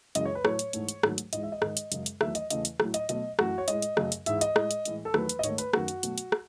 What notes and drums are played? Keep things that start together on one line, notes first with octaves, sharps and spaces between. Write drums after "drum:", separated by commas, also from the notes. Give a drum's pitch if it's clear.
F#2 C#3 E3 G#3 D#5, drum: hi-hat
C#5
B4
A2 F#3 A3 C#5, drum: rim click
drum: hi-hat
G#2 E3 A3, drum: hi-hat
drum: hi-hat
G#2 D#3 F#3 A3, drum: rim click
drum: hi-hat
G#2 E3 G#3 D#5, drum: hi-hat
E5
D#5
G#2 D#3 G#3, drum: rim click
drum: hi-hat
F#2 C#3 G#3, drum: hi-hat
drum: hi-hat
E2 D#3 F#3 A3 E5, drum: rim click
D#5, drum: hi-hat
E2 C#3 E3 A3 D#5, drum: hi-hat
drum: hi-hat
A2 F#3 A3, drum: rim click
D#5, drum: hi-hat
B2 F#3 A3 D#5, drum: hi-hat
F#2 E3 A3 F#4, drum: rim click
C#5
A2 G#3 D#5, drum: hi-hat
drum: hi-hat
F#2 C#3 F#3 A3, drum: rim click
drum: hi-hat
G#2 E3 G#3 E5, drum: hi-hat
D#5, drum: hi-hat
A2 G#3, drum: rim click
drum: hi-hat
A2 E3 G#3, drum: hi-hat
A4
E2 D#3 F#3 A3 B4, drum: rim click
drum: hi-hat
D#5
G#2 D#3 A3 C#5, drum: hi-hat
B4, drum: hi-hat
F#2 D#3 A3 F#4, drum: rim click
drum: hi-hat
B2 F#3 A3, drum: hi-hat
drum: hi-hat
drum: rim click